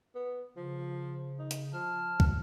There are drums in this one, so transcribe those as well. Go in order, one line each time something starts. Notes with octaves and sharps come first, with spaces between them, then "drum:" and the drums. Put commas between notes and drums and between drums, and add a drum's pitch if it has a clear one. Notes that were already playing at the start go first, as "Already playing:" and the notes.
B3
C#3 F3
D#4
drum: hi-hat
F3 A5 F6
drum: kick